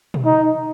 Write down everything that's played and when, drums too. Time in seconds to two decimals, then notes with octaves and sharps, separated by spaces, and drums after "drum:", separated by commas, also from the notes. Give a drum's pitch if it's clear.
0.14 drum: tom A#2
0.25 D#4